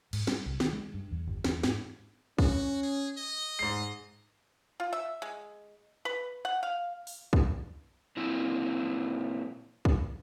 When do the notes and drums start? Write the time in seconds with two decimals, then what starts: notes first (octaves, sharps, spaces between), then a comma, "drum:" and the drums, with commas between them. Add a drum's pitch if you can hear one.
0.13 G#2, drum: cymbal
0.27 G3, drum: snare
0.46 C2
0.60 D#3, drum: snare
0.73 G#3
0.94 G2
1.11 E2
1.27 G1
1.44 E2, drum: snare
1.63 G#2, drum: snare
2.38 C#4 F#4, drum: kick
2.83 G#4
3.17 D#5
3.59 G#2 G#3 C7
4.80 F4
4.93 E5
5.22 G#3
6.05 B4
6.45 F#5
6.63 F5
7.07 drum: open hi-hat
7.33 drum: kick
8.17 A#2 C4 E4
9.85 drum: kick